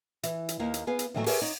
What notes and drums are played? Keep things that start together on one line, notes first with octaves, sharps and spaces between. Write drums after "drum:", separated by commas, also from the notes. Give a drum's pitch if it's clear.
E3, drum: hi-hat
drum: hi-hat
D#2 A#3
drum: hi-hat
B3 G#4 B4 F5
drum: hi-hat
A2 D#3 E3 F#3 G#3 A3
G4 G#4 A#4 B4 C#5 E5, drum: open hi-hat
D#4 C#5